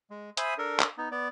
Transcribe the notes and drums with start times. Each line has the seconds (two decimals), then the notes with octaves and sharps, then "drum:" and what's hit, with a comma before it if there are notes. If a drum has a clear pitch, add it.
0.10 G#3
0.37 C5 E5 G#5 B5 D#6, drum: hi-hat
0.58 D4 A4 A#4
0.80 drum: clap
0.98 B3 D#4
1.11 B3 D5